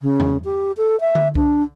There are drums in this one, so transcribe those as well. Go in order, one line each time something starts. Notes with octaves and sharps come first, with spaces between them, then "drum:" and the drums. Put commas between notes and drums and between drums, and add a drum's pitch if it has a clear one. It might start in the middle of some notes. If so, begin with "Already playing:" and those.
C#3
drum: tom E2
G4
A4
E5
drum: tom D3
D4, drum: kick C2